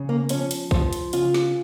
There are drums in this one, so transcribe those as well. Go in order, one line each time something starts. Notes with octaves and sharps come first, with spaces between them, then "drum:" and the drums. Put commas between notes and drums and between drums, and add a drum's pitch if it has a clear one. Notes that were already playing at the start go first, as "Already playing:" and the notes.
Already playing: C#3
A#3
F3 C#4, drum: hi-hat
drum: hi-hat
F3, drum: kick
drum: hi-hat
C#3 F4, drum: hi-hat
drum: snare